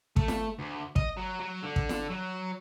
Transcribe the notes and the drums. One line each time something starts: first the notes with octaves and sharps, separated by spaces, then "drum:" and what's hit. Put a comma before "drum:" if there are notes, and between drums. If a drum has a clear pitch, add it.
A3, drum: kick
drum: snare
D2
D#5, drum: kick
F#3
F#3
D3
drum: kick
drum: snare
F#3